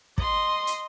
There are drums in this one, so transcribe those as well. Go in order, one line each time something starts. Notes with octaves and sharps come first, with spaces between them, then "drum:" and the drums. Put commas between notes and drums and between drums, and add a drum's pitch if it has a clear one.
D#5 C6, drum: kick
drum: hi-hat